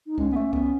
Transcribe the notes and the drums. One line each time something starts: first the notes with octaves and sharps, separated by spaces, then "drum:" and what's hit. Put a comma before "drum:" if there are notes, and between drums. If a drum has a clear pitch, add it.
D#4
G#3 C#4, drum: kick C2
B3
A3
B3, drum: kick C2